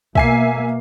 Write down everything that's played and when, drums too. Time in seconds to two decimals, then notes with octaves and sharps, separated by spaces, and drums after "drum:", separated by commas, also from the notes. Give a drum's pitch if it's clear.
0.15 B2 A#3 E5 G#5 C7, drum: kick